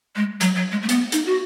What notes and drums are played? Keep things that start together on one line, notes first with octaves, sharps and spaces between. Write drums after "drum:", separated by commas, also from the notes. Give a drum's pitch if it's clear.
G#3
F#3, drum: hi-hat
F#3
G#3
A3
B3, drum: hi-hat
D#4, drum: hi-hat
F#4